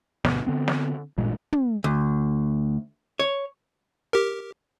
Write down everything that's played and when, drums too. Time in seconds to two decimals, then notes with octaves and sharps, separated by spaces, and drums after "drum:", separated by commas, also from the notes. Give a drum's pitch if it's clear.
0.25 G1 D2 B2 B3, drum: snare
0.47 D3 B3 C4
0.68 drum: snare
1.18 A1 G2 A#2 G#3
1.52 drum: tom
1.84 D2
3.19 C#5
4.13 G4 A#4